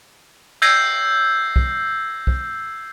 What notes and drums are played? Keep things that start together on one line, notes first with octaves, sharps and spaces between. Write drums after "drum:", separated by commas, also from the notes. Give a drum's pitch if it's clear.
E6 G6 G#6 A#6 C7, drum: cymbal
drum: kick
drum: kick